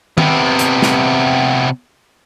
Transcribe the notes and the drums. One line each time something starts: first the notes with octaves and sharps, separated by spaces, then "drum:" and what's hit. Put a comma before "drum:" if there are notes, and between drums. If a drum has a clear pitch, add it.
C3 B3, drum: tom
drum: hi-hat
drum: snare